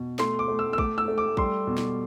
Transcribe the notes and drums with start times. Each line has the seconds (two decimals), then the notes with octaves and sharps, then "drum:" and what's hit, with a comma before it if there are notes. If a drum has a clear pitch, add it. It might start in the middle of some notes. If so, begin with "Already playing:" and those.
Already playing: B2
0.19 A3 C6, drum: snare
0.39 D6
0.48 A3
0.59 E6
0.73 E6
0.78 A3 D6, drum: kick
0.98 E6
1.08 A3
1.18 D6
1.37 G3 C6, drum: kick
1.67 B2
1.77 drum: snare